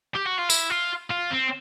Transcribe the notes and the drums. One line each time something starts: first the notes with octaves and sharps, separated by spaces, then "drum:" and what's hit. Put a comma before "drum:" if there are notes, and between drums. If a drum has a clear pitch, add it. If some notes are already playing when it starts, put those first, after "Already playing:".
G4
F#4
F4
E4, drum: tambourine
F4
F4
C4